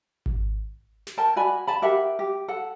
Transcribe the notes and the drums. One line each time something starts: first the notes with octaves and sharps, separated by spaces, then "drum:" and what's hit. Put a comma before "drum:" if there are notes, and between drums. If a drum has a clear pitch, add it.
drum: kick G#1
drum: snare
A#4 G5 A5
F#4 D5 G#5 B5
G#5 A5 B5
G4 A#4 E5 F#5
G4
A4 F#5